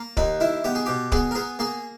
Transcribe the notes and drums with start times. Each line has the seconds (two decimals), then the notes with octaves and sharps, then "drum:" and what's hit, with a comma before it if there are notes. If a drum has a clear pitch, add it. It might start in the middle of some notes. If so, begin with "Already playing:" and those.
Already playing: A#3
0.17 D#2 D#4, drum: kick D1
0.40 D#3 E4
0.64 B3 G4
0.75 G#4
0.86 B2 G4
1.12 B3 G#4, drum: kick D1
1.31 A#4
1.35 B3 G#4
1.59 A#3 G#4